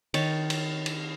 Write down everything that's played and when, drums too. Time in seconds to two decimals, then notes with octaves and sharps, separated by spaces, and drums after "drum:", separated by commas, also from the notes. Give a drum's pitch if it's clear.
0.14 D#3 C#5 A5, drum: cymbal
0.50 drum: cymbal
0.86 drum: cymbal